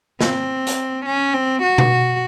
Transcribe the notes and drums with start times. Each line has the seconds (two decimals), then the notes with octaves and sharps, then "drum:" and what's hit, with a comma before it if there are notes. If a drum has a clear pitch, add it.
0.21 C4, drum: snare
0.67 drum: hi-hat
1.06 C#4
1.34 C4
1.63 F#4
1.78 drum: tom B2